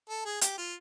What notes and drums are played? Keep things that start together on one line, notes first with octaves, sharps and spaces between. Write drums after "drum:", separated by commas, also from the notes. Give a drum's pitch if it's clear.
A4
G#4
G4, drum: hi-hat
F4